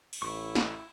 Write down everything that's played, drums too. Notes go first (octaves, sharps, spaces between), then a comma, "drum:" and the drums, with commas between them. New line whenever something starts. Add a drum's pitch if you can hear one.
drum: cymbal
A1 E4 C#6
drum: snare